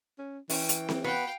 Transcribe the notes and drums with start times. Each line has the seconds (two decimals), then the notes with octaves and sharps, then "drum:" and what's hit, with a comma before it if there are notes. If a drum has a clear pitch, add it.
0.19 C#4
0.50 E3 C#4 G5, drum: open hi-hat
0.69 drum: hi-hat
0.89 drum: snare C4
1.04 B3 F#4 B4 F5 G5